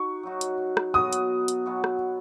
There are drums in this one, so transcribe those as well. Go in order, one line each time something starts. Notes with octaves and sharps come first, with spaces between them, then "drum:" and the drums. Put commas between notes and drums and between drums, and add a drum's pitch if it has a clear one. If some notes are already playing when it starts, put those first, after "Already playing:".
Already playing: D#4 F#4 C#6
F#3 D#4 F#4
drum: hi-hat
drum: rim click
B2 F#3 B3 F#4 D#6
drum: hi-hat
drum: hi-hat
B2 F#3 B3 F#4
drum: rim click